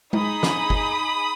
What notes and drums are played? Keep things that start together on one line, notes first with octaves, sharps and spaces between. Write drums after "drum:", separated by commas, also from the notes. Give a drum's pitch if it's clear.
D#4 G#4 B5 D#6, drum: tom G#3
drum: snare
drum: kick G1